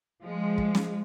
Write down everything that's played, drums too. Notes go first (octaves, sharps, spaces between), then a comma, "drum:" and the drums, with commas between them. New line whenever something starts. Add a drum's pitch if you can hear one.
F3 G#3
drum: kick
drum: snare